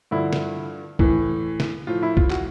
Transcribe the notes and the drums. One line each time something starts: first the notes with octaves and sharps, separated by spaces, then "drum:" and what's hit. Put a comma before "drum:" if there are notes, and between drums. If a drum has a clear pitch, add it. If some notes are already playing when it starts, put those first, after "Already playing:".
G2 D3 F3 E4
drum: snare
A2 E3, drum: kick
drum: snare
A2 F3 F4
E4
F4, drum: kick
F#4, drum: clap